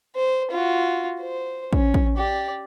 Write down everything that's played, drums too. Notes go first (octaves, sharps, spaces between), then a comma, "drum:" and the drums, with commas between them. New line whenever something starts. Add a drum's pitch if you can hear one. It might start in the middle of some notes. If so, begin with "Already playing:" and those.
C5
F4 F#4
C5
C#4, drum: kick
drum: kick
G4 D5